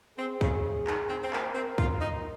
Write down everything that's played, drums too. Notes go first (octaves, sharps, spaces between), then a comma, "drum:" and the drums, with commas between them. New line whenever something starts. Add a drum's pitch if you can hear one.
C4 G#4
C#3, drum: kick
D#3, drum: clap
C4
C4
A#3, drum: clap
C4 A#4
F4, drum: kick
D#4